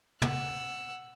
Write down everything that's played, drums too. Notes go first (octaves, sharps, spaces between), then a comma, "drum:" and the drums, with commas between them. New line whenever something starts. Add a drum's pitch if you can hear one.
F#5 E6, drum: tom